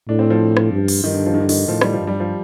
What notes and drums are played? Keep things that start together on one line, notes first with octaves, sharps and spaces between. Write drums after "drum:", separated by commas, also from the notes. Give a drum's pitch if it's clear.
A2 D4
C4
F3
drum: rim click
G2
drum: open hi-hat
G2 D#3
D3
F3
D#3
D3
D#3, drum: open hi-hat
A2 F3
G3, drum: rim click
F3
G2
G3
F3